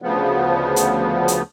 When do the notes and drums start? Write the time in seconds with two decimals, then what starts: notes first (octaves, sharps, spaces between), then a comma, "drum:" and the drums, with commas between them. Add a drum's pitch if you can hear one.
0.02 D2 C#3 F3 B3
0.76 drum: hi-hat
1.28 drum: hi-hat